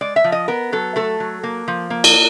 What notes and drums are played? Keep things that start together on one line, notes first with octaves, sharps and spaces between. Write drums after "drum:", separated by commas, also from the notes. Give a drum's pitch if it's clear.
G#3 D5
E5
F3
D#5
B3 A#4
F#3 A4
A3 A4
F#3
A#3
F3
A#3
drum: cymbal